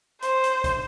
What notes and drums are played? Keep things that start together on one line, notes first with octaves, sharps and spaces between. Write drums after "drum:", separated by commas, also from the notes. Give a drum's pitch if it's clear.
C5, drum: hi-hat
drum: hi-hat
drum: kick, hi-hat